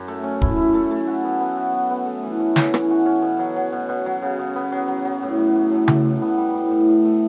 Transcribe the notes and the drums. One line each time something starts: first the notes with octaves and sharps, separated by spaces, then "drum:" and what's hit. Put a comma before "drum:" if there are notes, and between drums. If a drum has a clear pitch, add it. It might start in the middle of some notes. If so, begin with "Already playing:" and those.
Already playing: F#2
A3
C#4
E4, drum: kick
E4
A3
A3
F#4
B3
B3
F#4
B3
B3
A3
E3
C#4
C#4, drum: snare
E3, drum: rim click
F#4
C#4
B2
F#3
F#3
B2
B2
F#3
C#3
C#3
B3
F#3
F#3
F#3
A2
F#3
A2
A3
A3, drum: tom C#3
A2
B3
G3
A2
A2
A2
A3